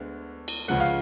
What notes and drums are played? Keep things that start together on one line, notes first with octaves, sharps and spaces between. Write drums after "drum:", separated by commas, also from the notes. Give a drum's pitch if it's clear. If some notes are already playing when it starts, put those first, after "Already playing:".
Already playing: D2 D3 G#3 B3
drum: cymbal
C#2 C#3 F3 G#3 F#5
F5